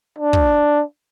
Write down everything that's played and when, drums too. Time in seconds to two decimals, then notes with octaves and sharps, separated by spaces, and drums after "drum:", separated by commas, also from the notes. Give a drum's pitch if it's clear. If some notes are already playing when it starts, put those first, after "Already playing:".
0.18 D4
0.33 drum: kick